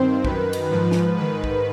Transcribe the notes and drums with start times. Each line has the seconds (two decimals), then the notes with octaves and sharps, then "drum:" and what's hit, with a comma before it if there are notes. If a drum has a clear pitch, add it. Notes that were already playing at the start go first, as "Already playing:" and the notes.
Already playing: G2 D#3 C4 C5
0.25 F#2 D#3 B4, drum: kick
0.53 drum: cymbal
0.70 G#2 F3 B4
0.91 drum: snare
1.17 G#2 D#3 B4
1.44 drum: kick